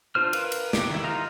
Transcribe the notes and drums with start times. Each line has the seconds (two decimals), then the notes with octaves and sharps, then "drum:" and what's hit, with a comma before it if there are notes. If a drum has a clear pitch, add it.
0.15 D4 F4 C5 F6
0.33 A#4 B4 F5, drum: cymbal
0.52 drum: cymbal
0.73 G4, drum: snare
0.90 D#3 E4
1.04 D#4 F4 A#4 D#5 F5